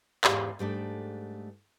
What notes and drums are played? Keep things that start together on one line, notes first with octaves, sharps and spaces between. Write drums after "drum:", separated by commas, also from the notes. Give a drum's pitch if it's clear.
E2 G#2 C3 G4 G#4 F5, drum: clap
G#2 G3 A3 D4